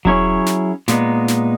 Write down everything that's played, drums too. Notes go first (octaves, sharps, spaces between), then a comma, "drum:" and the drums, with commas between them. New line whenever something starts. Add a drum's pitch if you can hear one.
F#3 C#4 E4 G#4 C#5, drum: kick E1
drum: snare
A#2 G#3 B3 D#4, drum: snare
drum: snare